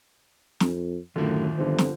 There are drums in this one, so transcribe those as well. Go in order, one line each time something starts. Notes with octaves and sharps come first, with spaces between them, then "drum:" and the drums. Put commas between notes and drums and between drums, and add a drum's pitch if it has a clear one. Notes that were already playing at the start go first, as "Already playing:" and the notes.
F2, drum: snare
F#2 A2 D3 D#3 F4
G1 D3 F3 C4
drum: snare